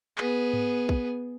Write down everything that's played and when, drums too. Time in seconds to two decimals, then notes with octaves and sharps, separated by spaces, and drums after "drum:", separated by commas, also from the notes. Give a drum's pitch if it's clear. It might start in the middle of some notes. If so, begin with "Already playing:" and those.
0.18 B3 G#4, drum: clap
0.53 drum: tom G#2
0.89 drum: kick